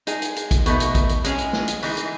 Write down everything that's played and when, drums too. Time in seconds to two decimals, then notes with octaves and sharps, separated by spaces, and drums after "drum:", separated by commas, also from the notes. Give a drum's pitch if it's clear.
0.07 G#3 D#4 G#4, drum: hi-hat
0.22 drum: hi-hat
0.36 drum: hi-hat
0.51 drum: kick, hi-hat
0.66 B2 A3 D#4, drum: hi-hat
0.80 drum: hi-hat
0.95 drum: kick, hi-hat
1.09 drum: hi-hat
1.24 G#3 C#4 G#4, drum: hi-hat
1.38 drum: hi-hat
1.53 drum: snare
1.68 drum: hi-hat
1.82 E3 G#3 D#4 G#4, drum: open hi-hat
1.97 drum: hi-hat